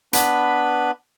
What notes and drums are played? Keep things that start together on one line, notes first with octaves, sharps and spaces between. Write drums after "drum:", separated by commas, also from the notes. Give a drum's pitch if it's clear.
B3 D4 B4 B5, drum: hi-hat